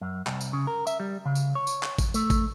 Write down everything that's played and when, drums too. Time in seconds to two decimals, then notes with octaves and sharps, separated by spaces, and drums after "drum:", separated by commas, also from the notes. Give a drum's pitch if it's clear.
0.01 F#2
0.27 C2, drum: clap
0.41 drum: tambourine
0.53 C#3
0.67 A#4
0.87 E5, drum: tambourine
1.00 G3
1.25 C#3
1.35 drum: tambourine
1.55 C#5
1.67 drum: tambourine
1.83 drum: clap
1.99 drum: kick G#1, tambourine
2.14 A3, drum: tambourine
2.30 drum: kick G#1, tambourine